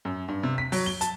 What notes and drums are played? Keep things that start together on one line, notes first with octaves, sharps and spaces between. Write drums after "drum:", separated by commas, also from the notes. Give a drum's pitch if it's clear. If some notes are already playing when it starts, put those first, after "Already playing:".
F#2
G2
C3
B6
F#3, drum: open hi-hat
G7
A5, drum: hi-hat